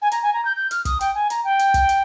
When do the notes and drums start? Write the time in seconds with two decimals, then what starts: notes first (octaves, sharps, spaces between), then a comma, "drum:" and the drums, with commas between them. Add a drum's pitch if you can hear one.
0.02 G#5
0.12 A#5, drum: hi-hat
0.23 G#5
0.34 A#5
0.45 G6
0.56 G6
0.71 F6, drum: hi-hat
0.85 D#6, drum: kick, hi-hat
1.01 G5, drum: hi-hat
1.15 G#5
1.30 A#5, drum: hi-hat
1.44 G5
1.59 drum: hi-hat
1.74 drum: kick, hi-hat
1.89 drum: hi-hat